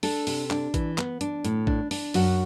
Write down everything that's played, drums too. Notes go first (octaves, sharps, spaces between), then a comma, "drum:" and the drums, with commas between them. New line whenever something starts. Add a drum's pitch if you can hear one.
D4 A4, drum: open hi-hat
C3, drum: open hi-hat
D4, drum: clap
E3, drum: kick A1, hi-hat
B3, drum: clap
D4, drum: hi-hat
A2, drum: hi-hat
D4, drum: kick A1
D4, drum: open hi-hat
F#2 F#4, drum: open hi-hat